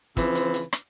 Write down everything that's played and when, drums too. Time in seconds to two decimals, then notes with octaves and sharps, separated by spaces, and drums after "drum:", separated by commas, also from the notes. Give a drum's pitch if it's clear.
0.17 C#3 E3 F3 C4, drum: kick, hi-hat
0.35 drum: hi-hat
0.54 drum: hi-hat
0.73 drum: rim click